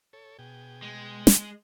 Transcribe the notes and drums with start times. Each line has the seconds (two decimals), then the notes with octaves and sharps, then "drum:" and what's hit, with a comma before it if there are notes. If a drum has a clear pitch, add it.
0.13 A4 C#5
0.39 B2 G#4 G5
0.82 G#3
1.27 drum: snare